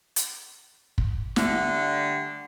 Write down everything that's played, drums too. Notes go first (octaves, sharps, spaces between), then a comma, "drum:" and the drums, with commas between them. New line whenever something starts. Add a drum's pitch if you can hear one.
drum: hi-hat
drum: kick
D3 G3 A3, drum: snare